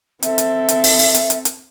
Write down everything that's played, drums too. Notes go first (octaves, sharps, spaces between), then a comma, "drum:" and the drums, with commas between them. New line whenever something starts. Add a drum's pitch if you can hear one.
C4 A4 E5, drum: hi-hat
drum: hi-hat
drum: hi-hat
drum: open hi-hat
drum: open hi-hat
drum: hi-hat
drum: hi-hat
drum: hi-hat